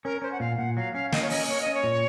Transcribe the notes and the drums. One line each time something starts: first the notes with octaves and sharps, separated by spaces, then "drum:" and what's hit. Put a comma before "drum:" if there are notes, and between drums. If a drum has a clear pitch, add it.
C#4 A#4
C#4 C5
F#5
A#2 F5
A#2 F#5
F#3 F5
C#4 F5
A#3 D#5, drum: snare
C#5
C#4 D#5, drum: open hi-hat
A#3 C#5
D#5
C#4
C#5
A#2